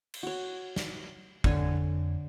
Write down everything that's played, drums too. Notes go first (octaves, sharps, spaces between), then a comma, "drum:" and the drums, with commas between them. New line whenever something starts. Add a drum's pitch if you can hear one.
drum: cymbal
F#4 C#5
drum: snare
F2 D3 C#5 G#5, drum: kick